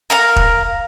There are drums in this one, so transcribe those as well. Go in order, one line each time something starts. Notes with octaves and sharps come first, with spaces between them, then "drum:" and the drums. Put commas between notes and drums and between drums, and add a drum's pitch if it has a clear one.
A#4 F5 A#5
drum: kick E1